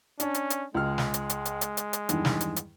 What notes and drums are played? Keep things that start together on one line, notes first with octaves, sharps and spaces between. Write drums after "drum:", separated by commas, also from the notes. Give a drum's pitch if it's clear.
C#4 D4, drum: hi-hat
drum: hi-hat
drum: hi-hat
C#2 G#3 F6
drum: snare
drum: hi-hat
drum: hi-hat
drum: hi-hat
drum: hi-hat
drum: hi-hat
drum: hi-hat
E2 G2 D#3, drum: hi-hat
drum: snare
drum: hi-hat
drum: hi-hat